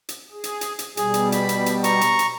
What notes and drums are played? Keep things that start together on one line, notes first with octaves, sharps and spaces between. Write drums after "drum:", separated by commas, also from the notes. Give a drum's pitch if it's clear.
drum: hi-hat
G#4
drum: hi-hat
drum: hi-hat
drum: hi-hat
B2 G3 G#4, drum: hi-hat
drum: hi-hat
B5, drum: hi-hat
drum: hi-hat
drum: hi-hat
A#5 C#6, drum: hi-hat
drum: hi-hat
drum: hi-hat